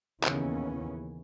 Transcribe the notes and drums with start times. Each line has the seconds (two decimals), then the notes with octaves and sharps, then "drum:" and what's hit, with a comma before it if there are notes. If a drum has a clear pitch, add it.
0.23 D#2 C#3 E3 B3 C#4, drum: clap